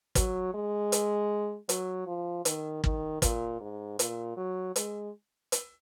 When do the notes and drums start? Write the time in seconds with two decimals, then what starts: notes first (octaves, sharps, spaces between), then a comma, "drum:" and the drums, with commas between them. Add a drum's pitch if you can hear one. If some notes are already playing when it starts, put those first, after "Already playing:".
0.15 F#3, drum: kick, hi-hat
0.54 G#3
0.92 drum: hi-hat
1.69 F#3, drum: hi-hat
2.07 F3
2.45 D#3, drum: hi-hat
2.84 D#3, drum: kick
3.22 A#2, drum: kick, hi-hat
3.60 G#2
3.99 A#2, drum: hi-hat
4.37 F#3
4.76 G#3, drum: hi-hat
5.52 drum: hi-hat